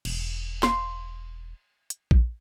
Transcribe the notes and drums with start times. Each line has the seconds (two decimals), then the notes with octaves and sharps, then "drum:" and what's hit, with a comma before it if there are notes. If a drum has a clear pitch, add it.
0.05 E1, drum: cymbal
0.63 C6, drum: snare
1.90 drum: hi-hat
2.11 drum: kick A#1